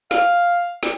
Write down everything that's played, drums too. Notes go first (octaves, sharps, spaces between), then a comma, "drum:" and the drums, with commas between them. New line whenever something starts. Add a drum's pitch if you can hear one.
F5, drum: snare
drum: snare